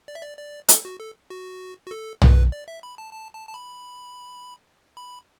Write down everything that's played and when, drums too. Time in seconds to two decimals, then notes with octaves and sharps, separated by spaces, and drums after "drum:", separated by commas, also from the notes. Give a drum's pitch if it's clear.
0.08 D5
0.15 E5
0.23 D5
0.38 D5
0.69 A4, drum: hi-hat
0.85 F#4
1.00 A4
1.30 F#4
1.87 F#4
1.91 A4
2.22 B4, drum: tom
2.52 D5
2.68 E5
2.83 B5
2.98 A5
3.13 A5
3.34 A5
3.49 A5
3.54 B5
4.97 B5